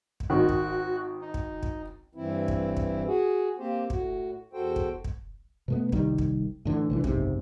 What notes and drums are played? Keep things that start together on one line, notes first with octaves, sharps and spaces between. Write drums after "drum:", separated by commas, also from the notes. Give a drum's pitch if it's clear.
drum: kick
G#1 D#3 F#4 F#6
drum: kick
D#4
drum: kick
drum: kick
G2 E3 C4 E4
drum: kick
drum: kick
F#4 G#4
A#3 C4 G4 C5
A2 F#4, drum: kick
E2 F#4 A4 C5 G5
drum: kick
drum: kick
B2 A3 B3
C2 D#3 G3, drum: kick
drum: kick
A2 D3 E3
C2 D3 E3
F#1 B1 G#2 C3, drum: kick